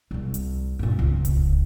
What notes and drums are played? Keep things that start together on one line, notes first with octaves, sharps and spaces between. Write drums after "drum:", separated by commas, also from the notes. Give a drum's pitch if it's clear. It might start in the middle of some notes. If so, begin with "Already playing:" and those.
C2 C3
drum: hi-hat
G2 A#2
C#2
drum: kick D1, hi-hat